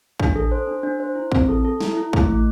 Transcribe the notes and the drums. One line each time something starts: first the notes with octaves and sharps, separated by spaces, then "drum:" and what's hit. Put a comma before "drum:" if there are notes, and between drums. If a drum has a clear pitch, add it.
D4, drum: kick
A4
C5
D4
D4
C5
E4
C4, drum: kick
A4
A4
E4, drum: snare
E4
A3, drum: kick
A3